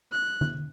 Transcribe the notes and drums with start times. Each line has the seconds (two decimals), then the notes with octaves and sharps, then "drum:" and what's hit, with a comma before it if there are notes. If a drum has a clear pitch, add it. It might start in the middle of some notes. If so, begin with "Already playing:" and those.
0.12 F#6
0.41 drum: tom D3